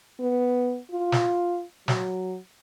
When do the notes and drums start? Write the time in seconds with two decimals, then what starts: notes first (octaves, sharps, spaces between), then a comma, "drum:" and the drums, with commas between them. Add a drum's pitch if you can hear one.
0.20 B3
0.91 F4
1.12 drum: snare
1.88 F#3, drum: snare